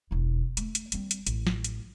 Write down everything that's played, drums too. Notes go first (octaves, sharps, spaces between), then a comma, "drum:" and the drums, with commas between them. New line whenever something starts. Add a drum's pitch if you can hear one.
E1 E2
A3, drum: hi-hat
drum: hi-hat
G3 C4, drum: hi-hat
drum: hi-hat
A1, drum: hi-hat
drum: snare
drum: hi-hat